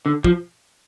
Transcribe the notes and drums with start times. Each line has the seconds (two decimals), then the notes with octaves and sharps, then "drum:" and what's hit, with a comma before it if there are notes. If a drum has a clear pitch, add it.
0.06 D3
0.24 F3, drum: kick